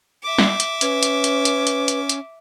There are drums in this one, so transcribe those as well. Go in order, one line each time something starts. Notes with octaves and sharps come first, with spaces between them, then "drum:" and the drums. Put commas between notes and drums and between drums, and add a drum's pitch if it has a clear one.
E5 D6
drum: snare
drum: hi-hat
C#4 B4, drum: hi-hat
drum: hi-hat
drum: hi-hat
drum: hi-hat
drum: hi-hat
drum: hi-hat
drum: hi-hat